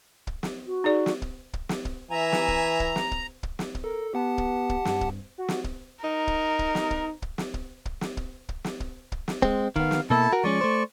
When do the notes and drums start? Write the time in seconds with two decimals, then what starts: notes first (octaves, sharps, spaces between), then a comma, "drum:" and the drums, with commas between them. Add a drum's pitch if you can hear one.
0.27 drum: kick
0.43 drum: snare
0.67 F#4
0.84 D#4 G#4 D5
1.06 drum: snare
1.22 drum: kick
1.53 drum: kick
1.69 drum: snare
1.85 drum: kick
2.11 E3 E5 G#5 A#5
2.32 drum: snare
2.48 drum: kick
2.80 drum: kick
2.96 drum: snare
3.11 drum: kick
3.43 drum: kick
3.59 drum: snare
3.75 drum: kick
3.84 A4 A#4
4.14 B3 G4 F#5 A5
4.38 drum: kick
4.69 drum: kick
4.85 G2, drum: snare
5.01 drum: kick
5.38 F#4
5.48 drum: snare
5.64 drum: kick
6.04 D#4 A#4
6.27 drum: kick
6.59 drum: kick
6.75 drum: snare
6.91 drum: kick
7.22 drum: kick
7.38 drum: snare
7.54 drum: kick
7.85 drum: kick
8.01 drum: snare
8.17 drum: kick
8.49 drum: kick
8.64 drum: snare
8.80 drum: kick
9.12 drum: kick
9.28 drum: snare
9.42 G#3 C4, drum: kick
9.76 D#3 B3 F5, drum: kick
9.91 drum: snare
10.10 B2 A#3 E4 A4 A5
10.33 F#4 A#4
10.44 F3 G#3 C#4 D5 C#6
10.61 A3 C5